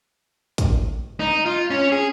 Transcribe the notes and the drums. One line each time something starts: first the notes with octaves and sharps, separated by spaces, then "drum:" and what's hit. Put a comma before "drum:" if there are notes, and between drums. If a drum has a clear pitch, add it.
drum: kick, hi-hat
D#4
F4
C#4
G#4